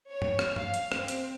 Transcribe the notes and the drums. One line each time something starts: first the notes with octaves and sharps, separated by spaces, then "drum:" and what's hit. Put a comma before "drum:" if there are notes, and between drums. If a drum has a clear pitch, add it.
C#5
drum: tom G2
drum: rim click
F5, drum: tom G2
drum: hi-hat
C4, drum: rim click
drum: hi-hat